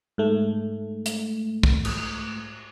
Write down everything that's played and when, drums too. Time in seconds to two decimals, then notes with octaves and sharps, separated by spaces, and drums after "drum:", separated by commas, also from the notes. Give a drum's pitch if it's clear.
0.18 G#2 A3
1.06 drum: hi-hat
1.63 drum: kick
1.85 drum: cymbal